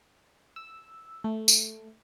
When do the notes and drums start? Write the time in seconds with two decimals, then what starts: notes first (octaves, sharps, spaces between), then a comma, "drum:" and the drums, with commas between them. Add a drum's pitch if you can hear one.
0.56 E6
1.24 A3
1.48 drum: tambourine